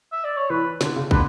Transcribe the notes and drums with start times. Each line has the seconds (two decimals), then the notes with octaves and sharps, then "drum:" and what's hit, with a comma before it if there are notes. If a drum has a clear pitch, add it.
0.12 E5
0.24 D5
0.37 C#5
0.50 E3 B4
0.81 D3, drum: snare
0.96 C#3
1.11 D3 B4, drum: kick